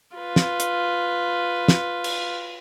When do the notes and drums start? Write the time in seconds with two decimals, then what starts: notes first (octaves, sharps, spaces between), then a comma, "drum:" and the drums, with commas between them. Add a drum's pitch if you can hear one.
0.17 F4 B4
0.36 drum: snare
0.60 drum: hi-hat
1.68 drum: snare
2.04 drum: cymbal